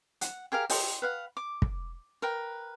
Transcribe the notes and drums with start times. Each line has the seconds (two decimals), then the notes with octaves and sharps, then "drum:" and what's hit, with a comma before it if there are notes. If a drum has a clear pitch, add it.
0.21 F#5, drum: hi-hat
0.52 G4 G#4 A#4 F5
0.70 D#5 G5 C6, drum: open hi-hat
1.02 B4 F5 F#5
1.37 D6
1.62 drum: kick
2.22 A#4 B4 G5